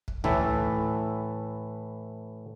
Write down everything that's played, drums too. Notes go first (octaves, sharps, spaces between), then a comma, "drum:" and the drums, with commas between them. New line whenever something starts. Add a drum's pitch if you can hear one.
drum: kick
A2 E3 A4 E5, drum: tom C#2